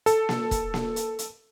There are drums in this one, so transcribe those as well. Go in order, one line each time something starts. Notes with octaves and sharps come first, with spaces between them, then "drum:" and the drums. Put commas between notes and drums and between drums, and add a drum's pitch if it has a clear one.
A4, drum: hi-hat
drum: snare A#3
drum: kick E1, hi-hat
drum: snare A#3
drum: hi-hat
drum: hi-hat